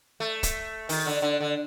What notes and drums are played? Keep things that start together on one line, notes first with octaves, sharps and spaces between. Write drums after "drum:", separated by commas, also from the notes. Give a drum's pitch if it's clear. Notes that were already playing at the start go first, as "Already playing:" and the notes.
A3
drum: kick, hi-hat
D#3, drum: open hi-hat
D3
D3
D3